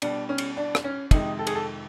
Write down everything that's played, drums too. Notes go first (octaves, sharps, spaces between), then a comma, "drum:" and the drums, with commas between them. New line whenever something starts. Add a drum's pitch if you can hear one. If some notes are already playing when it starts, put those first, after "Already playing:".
B2 G3 D4, drum: cymbal
C#4
drum: cymbal
D4
drum: rim click
C#4
F2 C3 D#3 G#3 D#4, drum: kick, cymbal
A4
G#4, drum: cymbal
A4